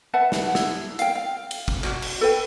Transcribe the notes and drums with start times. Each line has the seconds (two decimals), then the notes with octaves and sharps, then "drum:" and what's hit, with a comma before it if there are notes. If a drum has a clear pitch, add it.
0.14 B4 E5 F#5 A5
0.32 drum: snare
0.55 E4, drum: snare
0.99 F5 G5, drum: hi-hat
1.15 F5
1.51 drum: cymbal
1.68 drum: kick
1.84 F#4, drum: clap
2.02 drum: cymbal
2.21 A4 B4 G5